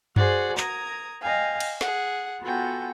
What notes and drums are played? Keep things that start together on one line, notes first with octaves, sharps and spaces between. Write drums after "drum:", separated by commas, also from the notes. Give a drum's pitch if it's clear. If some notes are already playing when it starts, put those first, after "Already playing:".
F#4 G#4 C5 D5 F#5, drum: tom F#2
A#4 A#5 D#6 G#6, drum: clap
D#5 F5 G5 G#5
drum: cymbal
G#4 F#5, drum: snare
B3 F4 F#4 A4 G5 G#5